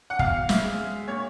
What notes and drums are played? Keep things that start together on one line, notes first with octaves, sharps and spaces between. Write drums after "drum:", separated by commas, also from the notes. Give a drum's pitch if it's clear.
F#5
B2 F5, drum: kick
E5, drum: snare
G#3
A#2 C#5